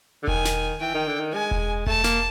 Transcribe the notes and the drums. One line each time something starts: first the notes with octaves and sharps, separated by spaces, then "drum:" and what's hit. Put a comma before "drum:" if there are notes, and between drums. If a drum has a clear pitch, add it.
D3
D#3 G#5, drum: kick E1
drum: snare
E3 G5
D#3
D3
D#3
G#3 G#5
drum: kick E1
A3 A5, drum: kick E1
A#3, drum: snare